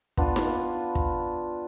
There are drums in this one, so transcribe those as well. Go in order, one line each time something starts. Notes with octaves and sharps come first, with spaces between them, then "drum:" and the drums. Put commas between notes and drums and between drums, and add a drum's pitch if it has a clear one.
B3 D4 F4, drum: kick
drum: snare D#4
drum: kick